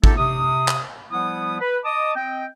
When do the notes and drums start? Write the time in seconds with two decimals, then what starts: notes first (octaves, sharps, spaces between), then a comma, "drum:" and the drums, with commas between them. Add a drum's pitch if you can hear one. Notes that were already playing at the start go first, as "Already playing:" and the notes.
0.04 A3 B3 D#4 F4 G4 A4, drum: kick G#1
0.17 C3 D#6
0.68 drum: clap
1.11 F3 G3 B3 E4 F#5 D#6
1.61 B4
1.85 D#5 A5 D6 D#6
2.16 C4 D#5 G5